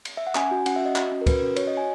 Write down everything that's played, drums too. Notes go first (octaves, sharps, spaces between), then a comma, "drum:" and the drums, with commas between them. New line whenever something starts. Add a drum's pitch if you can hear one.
drum: cymbal
E5
F#5
C#4 G#5, drum: clap
F#4
C#4 F#5, drum: cymbal
E5
F#4 D#5
F#4, drum: clap
C#4
A#4
F#4 B4, drum: kick, cymbal
C#4
F#4 C#5, drum: cymbal
D#5
F#4
G#5